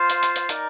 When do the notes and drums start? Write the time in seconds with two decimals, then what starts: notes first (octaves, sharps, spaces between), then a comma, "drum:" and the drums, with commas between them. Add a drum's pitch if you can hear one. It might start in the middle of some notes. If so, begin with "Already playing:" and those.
Already playing: F4 C5 F5
0.10 drum: hi-hat
0.23 drum: hi-hat
0.36 drum: hi-hat
0.49 D#4 A#4 D5, drum: hi-hat